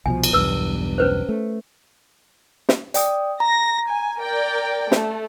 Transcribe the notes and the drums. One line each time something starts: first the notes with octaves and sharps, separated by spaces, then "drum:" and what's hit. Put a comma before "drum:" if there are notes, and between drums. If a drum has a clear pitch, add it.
C2 B2 F3 G#5
drum: cymbal
B1 E2 G2 B4 E6
C#4 B4 C5
A3
drum: snare
D5 G5 D#6, drum: hi-hat
A#5 A#6
G#5
A#4 D5 G5
A3, drum: snare